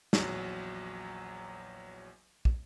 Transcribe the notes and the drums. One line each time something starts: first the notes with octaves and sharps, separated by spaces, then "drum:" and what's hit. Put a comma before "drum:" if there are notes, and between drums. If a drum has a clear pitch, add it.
A#1 E2 F#3, drum: snare
drum: kick